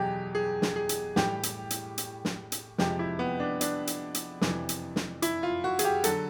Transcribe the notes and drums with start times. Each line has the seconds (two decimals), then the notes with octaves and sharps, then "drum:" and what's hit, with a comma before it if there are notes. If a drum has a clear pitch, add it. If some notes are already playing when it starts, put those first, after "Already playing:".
Already playing: E2 B2 F#3 G4 G#4
0.35 G#4
0.62 drum: snare
0.76 G#4
0.89 drum: hi-hat
1.16 A2 E3 G3 G4, drum: snare
1.43 drum: hi-hat
1.70 drum: hi-hat
1.98 drum: hi-hat
2.25 drum: snare
2.52 drum: hi-hat
2.78 F2 C3 F3 G#3 G4, drum: snare
2.99 E4
3.19 B3
3.40 D4
3.61 D4, drum: hi-hat
3.87 drum: hi-hat
4.15 drum: hi-hat
4.41 F2 C3 E3, drum: snare
4.69 drum: hi-hat
4.96 drum: snare
5.22 E4, drum: hi-hat
5.43 F4
5.64 F#4
5.79 G#4, drum: hi-hat
5.84 G4
6.04 D3 F#3 A4, drum: hi-hat